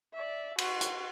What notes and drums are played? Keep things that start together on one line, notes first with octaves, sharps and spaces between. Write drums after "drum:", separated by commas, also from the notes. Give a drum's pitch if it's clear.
D5 E5
F#4 C6, drum: cymbal
drum: hi-hat